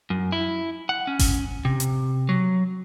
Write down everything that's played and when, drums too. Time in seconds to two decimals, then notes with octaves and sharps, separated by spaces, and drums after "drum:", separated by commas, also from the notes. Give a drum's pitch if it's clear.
0.10 F#2
0.32 E4
0.89 F#5
1.07 C#4
1.19 drum: kick G1, open hi-hat
1.65 C3
1.80 drum: hi-hat
2.29 F#3